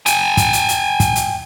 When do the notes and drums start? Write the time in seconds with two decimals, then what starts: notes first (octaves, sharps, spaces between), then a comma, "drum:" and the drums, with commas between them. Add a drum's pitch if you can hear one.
0.06 G5 G#5, drum: hi-hat
0.37 drum: kick, hi-hat
0.53 drum: hi-hat
0.68 drum: hi-hat
1.00 drum: kick, hi-hat
1.15 drum: hi-hat